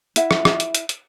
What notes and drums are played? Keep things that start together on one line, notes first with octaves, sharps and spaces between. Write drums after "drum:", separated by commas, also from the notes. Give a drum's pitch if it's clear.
E4 E5 F#5, drum: hi-hat
drum: rim click
drum: rim click
drum: hi-hat
drum: hi-hat
drum: hi-hat